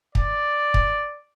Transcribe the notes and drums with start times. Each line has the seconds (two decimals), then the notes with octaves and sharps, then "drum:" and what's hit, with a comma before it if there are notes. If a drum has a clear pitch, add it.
0.15 D5, drum: kick
0.74 drum: kick